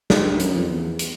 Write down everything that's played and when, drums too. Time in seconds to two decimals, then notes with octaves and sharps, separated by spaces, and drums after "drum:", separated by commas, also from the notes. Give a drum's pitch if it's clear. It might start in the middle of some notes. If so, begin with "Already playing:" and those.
0.10 G#2, drum: snare
0.25 G2
0.39 F#2, drum: hi-hat
0.54 F2
0.69 E2
0.99 drum: hi-hat